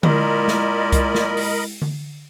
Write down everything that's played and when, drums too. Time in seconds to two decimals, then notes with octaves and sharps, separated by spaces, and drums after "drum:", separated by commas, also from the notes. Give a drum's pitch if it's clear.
0.03 A#2 G#3 E4 G4 A#4 D#5 B5, drum: tom D3
0.48 drum: snare
0.92 drum: kick C2, hi-hat
1.15 drum: snare
1.37 drum: open hi-hat
1.82 drum: tom D3